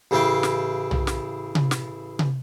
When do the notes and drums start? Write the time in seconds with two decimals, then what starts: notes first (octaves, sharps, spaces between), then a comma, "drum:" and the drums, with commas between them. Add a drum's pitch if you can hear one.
0.11 A1 C#3 C#4 E4 F5 G5
0.43 drum: snare
0.91 drum: tom
1.07 drum: snare
1.55 drum: tom C3
1.71 drum: snare
2.19 drum: tom C3